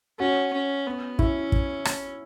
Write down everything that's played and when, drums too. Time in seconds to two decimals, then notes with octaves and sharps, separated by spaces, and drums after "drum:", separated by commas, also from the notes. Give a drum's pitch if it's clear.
0.19 C#4 F#4
0.53 C#4
0.86 B3
1.19 C#4 E4, drum: kick
1.52 drum: kick
1.85 drum: rim click